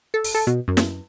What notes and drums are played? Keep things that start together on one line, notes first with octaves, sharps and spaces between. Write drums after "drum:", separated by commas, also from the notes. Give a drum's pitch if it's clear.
A4
drum: open hi-hat
A4
B2
F#2
drum: snare